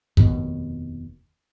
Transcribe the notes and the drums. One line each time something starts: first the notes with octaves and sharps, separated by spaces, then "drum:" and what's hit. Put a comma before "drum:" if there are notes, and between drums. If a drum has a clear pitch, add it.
F1 D#2 B2, drum: kick